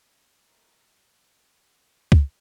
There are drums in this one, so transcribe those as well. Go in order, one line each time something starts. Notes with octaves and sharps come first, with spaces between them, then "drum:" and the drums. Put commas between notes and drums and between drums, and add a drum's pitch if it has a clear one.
C#4
A3 C4 D#4 E4 A#4
D6
G#4 F#5 G#5 C6
drum: kick